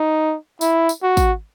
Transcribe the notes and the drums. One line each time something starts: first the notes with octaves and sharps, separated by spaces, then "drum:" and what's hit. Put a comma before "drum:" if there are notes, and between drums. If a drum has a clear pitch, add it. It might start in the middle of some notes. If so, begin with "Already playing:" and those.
Already playing: D#4
E4, drum: tambourine
drum: tambourine
F#4
drum: kick, tambourine